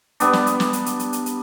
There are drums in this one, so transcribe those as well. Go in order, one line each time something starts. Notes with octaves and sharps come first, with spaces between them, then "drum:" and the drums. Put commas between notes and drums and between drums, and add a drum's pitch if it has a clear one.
G3 B3 D4, drum: hi-hat
drum: snare
drum: hi-hat
drum: snare
drum: hi-hat
drum: hi-hat
drum: hi-hat
drum: hi-hat
drum: hi-hat